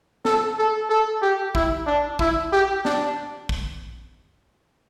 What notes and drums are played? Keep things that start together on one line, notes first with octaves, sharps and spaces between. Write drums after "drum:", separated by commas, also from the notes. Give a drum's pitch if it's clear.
A4, drum: snare
A4
A4
G4
E4, drum: kick
D4
E4, drum: kick
G4
D4, drum: snare
drum: kick